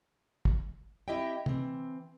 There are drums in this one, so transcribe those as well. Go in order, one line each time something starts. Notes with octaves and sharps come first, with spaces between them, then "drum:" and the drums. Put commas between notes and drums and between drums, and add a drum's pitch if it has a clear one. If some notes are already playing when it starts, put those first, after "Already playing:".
drum: kick
C4 E4 G4 D#5 E5 G5
E3 C4, drum: tom C3